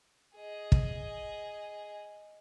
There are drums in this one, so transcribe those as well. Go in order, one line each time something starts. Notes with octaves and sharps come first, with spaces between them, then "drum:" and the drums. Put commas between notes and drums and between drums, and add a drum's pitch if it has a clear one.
G#4 D#5
drum: kick